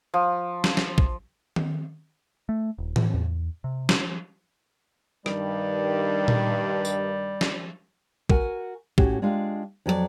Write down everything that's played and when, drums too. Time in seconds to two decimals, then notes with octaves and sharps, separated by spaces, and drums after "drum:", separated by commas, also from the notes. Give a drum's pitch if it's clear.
0.14 F3
0.64 drum: snare
0.77 drum: snare
0.98 drum: kick
1.56 drum: tom D#3
2.49 A3
2.78 D#1
2.96 E3, drum: tom A2
3.14 E2
3.64 C3
3.89 drum: snare
5.26 G2 D#3 G3, drum: rim click
6.28 drum: tom A#2
6.85 drum: tambourine
7.41 drum: snare
8.30 F#4 A#4 F#5 G#5, drum: kick
8.98 A2 C#4 F#4 G4, drum: kick
9.22 G#3 D4 F4 G4 F5
9.86 F2 F#3 G4 D5